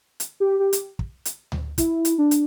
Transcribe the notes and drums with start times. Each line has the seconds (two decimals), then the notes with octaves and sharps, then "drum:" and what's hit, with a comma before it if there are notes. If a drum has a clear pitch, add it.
0.20 drum: hi-hat
0.40 G4
0.59 G4
0.73 drum: hi-hat
0.99 drum: kick
1.25 drum: hi-hat
1.52 drum: tom D2
1.78 E4, drum: kick, hi-hat
2.05 drum: hi-hat
2.18 D4
2.31 drum: hi-hat